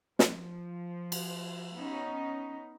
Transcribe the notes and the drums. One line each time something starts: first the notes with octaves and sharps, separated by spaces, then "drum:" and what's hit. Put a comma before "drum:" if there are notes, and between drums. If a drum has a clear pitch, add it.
F3, drum: snare
drum: cymbal
B3 C#4 D#4